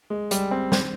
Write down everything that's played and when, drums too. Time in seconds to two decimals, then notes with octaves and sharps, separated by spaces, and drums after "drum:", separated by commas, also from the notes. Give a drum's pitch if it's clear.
0.10 G#3
0.31 G3, drum: hi-hat
0.51 C4
0.72 C4, drum: snare